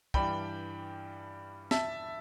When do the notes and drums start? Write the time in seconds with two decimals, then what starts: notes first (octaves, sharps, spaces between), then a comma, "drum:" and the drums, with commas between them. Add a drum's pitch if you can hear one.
0.14 G2 E3 G3 D4 G5 B5, drum: kick
1.71 E5 A5, drum: snare